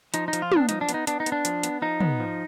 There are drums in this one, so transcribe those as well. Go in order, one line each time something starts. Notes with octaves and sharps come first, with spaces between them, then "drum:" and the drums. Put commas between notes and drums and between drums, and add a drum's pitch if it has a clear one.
F3 D#4, drum: hi-hat
D#4
F3, drum: hi-hat
F4
B3 D4, drum: tom
F3 D#4, drum: hi-hat
D4
B3, drum: hi-hat
D#4
B3 D4, drum: hi-hat
D#4
B3, drum: hi-hat
D4
F3, drum: hi-hat
B3, drum: hi-hat
F3 D#4
B3, drum: tom
F3